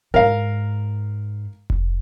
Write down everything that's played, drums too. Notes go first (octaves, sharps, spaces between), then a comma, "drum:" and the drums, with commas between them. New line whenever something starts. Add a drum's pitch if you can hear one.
G#2 A#4 F5
drum: kick F1